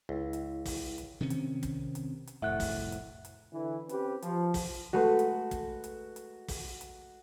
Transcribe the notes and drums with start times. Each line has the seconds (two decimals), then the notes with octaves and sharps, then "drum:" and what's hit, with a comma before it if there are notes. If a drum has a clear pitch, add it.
0.09 C#2 E4
0.33 drum: hi-hat
0.66 drum: kick, open hi-hat
0.98 drum: hi-hat
1.20 C3 D#3 C4 C#4
1.30 drum: hi-hat
1.63 drum: kick, hi-hat
1.95 drum: hi-hat
2.27 drum: hi-hat
2.42 F1 A2 E5 F#5 F#6
2.60 drum: kick, open hi-hat
2.92 drum: hi-hat
3.25 drum: hi-hat
3.53 D3 E3
3.89 C4 C#4 G4 B4, drum: hi-hat
4.22 F3, drum: hi-hat
4.54 drum: kick, open hi-hat
4.93 G#3 A3 F#4 B4
5.19 drum: hi-hat
5.51 drum: kick, hi-hat
5.84 drum: hi-hat
6.16 drum: hi-hat
6.48 drum: kick, open hi-hat
6.81 drum: hi-hat